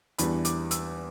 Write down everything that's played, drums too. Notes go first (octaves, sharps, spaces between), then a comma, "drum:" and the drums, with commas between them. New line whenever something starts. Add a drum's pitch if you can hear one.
E2 E3 G3 D4 B5, drum: hi-hat
D6, drum: hi-hat
E6, drum: hi-hat